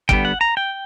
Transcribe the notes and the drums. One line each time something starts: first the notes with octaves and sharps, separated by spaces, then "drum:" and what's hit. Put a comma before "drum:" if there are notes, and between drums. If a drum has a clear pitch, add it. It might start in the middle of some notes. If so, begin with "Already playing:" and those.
D3 G3 B3 G5, drum: kick
F#5
A#5
G5